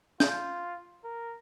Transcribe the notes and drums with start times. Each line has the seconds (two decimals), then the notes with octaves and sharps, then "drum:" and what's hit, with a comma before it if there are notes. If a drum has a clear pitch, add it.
0.20 F4 G6, drum: snare
1.04 A#4